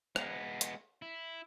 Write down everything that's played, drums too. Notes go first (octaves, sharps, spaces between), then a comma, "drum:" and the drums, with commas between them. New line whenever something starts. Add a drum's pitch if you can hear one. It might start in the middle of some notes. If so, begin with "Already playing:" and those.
G#3 B3, drum: rim click
drum: hi-hat
E4